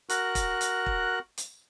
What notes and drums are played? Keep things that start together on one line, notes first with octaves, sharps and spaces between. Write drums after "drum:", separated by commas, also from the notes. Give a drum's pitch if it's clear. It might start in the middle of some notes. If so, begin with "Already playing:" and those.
F#4 A#4 F#6, drum: hi-hat
drum: kick, hi-hat
drum: hi-hat
drum: kick
drum: hi-hat